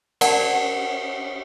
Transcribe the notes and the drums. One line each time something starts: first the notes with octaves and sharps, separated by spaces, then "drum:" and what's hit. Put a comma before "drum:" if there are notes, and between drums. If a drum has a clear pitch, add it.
A#4 D5 F#5 A5, drum: cymbal